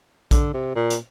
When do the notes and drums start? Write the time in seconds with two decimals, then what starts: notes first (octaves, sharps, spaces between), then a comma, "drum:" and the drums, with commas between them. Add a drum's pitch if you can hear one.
0.31 D3, drum: kick A#1, hi-hat
0.54 C3
0.76 A#2
0.90 drum: hi-hat